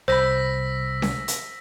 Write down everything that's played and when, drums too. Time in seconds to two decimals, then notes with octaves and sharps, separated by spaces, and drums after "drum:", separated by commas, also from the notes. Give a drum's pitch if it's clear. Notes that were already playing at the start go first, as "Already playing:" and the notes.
0.08 C2 C5 B5 E6 A#6 B6
1.02 drum: snare C#4
1.28 drum: hi-hat